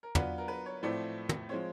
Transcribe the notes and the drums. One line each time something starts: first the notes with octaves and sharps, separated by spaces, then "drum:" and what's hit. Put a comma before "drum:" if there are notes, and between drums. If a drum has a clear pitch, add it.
A#4
F#3 B3 D4 F4 B4, drum: tom
A#4
B4
C#5
A2 F3 A3 C4 E4 D5
drum: tom
F3 G#3 C4 C#5